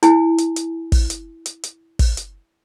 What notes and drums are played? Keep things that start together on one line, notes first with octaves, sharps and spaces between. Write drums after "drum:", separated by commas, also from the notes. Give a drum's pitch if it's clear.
E4 G#5, drum: hi-hat
drum: hi-hat
drum: hi-hat
drum: kick, open hi-hat
drum: hi-hat
drum: hi-hat
drum: hi-hat
drum: kick, open hi-hat
drum: hi-hat